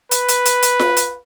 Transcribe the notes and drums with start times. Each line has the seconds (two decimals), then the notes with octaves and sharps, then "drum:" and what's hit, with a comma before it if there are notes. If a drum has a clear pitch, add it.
0.11 B4, drum: hi-hat
0.28 drum: hi-hat
0.45 drum: hi-hat
0.62 drum: hi-hat
0.79 drum: snare F4
0.97 drum: hi-hat